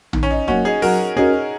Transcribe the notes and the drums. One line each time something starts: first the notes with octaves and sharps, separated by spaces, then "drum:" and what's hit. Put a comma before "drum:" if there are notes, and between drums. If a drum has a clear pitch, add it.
D#3, drum: tom A#1
C#4
D#4
F#3 A#3 C#4 F#4, drum: kick
D#4 G#4
F#3 F#4 A#4, drum: open hi-hat
C#4 D#4 F#4 G#4 A#4